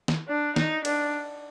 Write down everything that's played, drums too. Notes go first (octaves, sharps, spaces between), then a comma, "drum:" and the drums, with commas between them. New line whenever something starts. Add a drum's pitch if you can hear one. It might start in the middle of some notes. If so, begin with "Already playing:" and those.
drum: snare
D4
D#4, drum: snare
D4, drum: cymbal